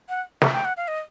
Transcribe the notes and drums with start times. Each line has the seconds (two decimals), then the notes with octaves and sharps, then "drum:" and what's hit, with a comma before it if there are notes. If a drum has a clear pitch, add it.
0.09 F#5
0.42 E5, drum: snare
0.53 G5
0.65 F#5
0.77 F5
0.88 D#5